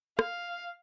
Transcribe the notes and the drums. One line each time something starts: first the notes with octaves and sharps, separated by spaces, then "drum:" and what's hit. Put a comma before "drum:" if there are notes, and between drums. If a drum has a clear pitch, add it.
F5, drum: rim click